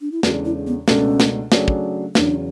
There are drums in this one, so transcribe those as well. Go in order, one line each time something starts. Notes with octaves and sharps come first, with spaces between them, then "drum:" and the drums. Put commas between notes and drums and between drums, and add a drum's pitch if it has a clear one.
D4
E4
E2 C#3 G#3 D4 F#4 A4, drum: snare
E4
B3
C#2 B2 A3 C#4 D4 A4, drum: snare
drum: snare
C#3 F#3 A3 D4 G#4, drum: snare
drum: kick
E2 C#3 F#3 D4, drum: snare